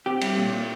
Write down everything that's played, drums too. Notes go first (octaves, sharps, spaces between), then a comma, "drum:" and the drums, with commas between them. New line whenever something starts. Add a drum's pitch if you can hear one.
C4 G4
G3, drum: cymbal
A#2
A#2